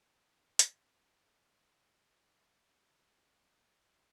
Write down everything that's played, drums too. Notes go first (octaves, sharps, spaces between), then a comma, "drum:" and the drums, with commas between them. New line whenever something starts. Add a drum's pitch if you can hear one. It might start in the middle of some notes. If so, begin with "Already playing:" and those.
Already playing: C2 C3 F#3 A3 D4
drum: hi-hat
F#3 F#4
G3 G4
A2 F#3 G3 A#3 F#4
G3 G4
A#4
F#2 F#3 A3 A#3 A4
C4 C5
C2 A#2 G3 A#3 D4 A#4
A#3 A#4